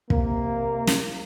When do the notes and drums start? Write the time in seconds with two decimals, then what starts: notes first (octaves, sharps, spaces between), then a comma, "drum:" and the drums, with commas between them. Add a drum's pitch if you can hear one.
0.10 C3 A#3, drum: kick
0.87 drum: snare